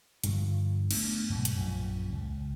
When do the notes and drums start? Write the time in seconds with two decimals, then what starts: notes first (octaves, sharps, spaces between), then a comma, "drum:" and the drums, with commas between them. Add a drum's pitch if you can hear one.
0.24 G2 D3 F3, drum: hi-hat
0.91 A3 B3 D4, drum: cymbal
1.30 G#2 B2 F#3 A3
1.45 drum: hi-hat
1.56 A#1 F#2 F3
2.12 C#2